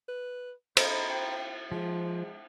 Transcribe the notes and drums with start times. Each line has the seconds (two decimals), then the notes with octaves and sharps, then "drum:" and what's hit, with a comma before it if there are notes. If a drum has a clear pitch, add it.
0.09 B4
0.77 C5 D#5 A#5 B5, drum: cymbal
1.10 G5
1.72 F3 G#3